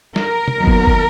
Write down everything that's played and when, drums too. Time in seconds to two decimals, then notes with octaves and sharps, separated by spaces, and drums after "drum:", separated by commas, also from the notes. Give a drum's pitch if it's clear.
0.16 A#4, drum: snare
0.48 drum: tom
0.57 D#2 D#3 F#3 B3
0.67 drum: kick
0.87 drum: kick